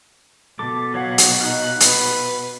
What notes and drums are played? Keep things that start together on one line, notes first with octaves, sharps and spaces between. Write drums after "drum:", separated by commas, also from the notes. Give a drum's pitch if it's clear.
B2 A4 D6
F#3 C#5 F5 F#5
drum: hi-hat
D#4 F5 F#5
B4, drum: hi-hat